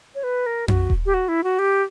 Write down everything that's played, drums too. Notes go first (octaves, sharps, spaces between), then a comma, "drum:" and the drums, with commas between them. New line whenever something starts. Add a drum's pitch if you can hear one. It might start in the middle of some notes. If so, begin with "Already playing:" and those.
C#5
B4
A#4
F#4, drum: tom F2
drum: kick D#1
G4
F#4
E4
F#4
G4